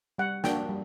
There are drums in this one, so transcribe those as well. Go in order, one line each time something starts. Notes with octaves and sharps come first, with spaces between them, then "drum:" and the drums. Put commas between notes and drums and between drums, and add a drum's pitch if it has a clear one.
G3 F#5
A#3 D4 F#4 G5, drum: snare
G3